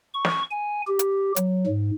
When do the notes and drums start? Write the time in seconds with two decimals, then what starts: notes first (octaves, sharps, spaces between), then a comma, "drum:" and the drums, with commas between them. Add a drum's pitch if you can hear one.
0.14 C#6
0.25 drum: snare
0.51 G#5
0.88 G4
0.99 drum: hi-hat
1.36 F#3, drum: hi-hat
1.67 G#2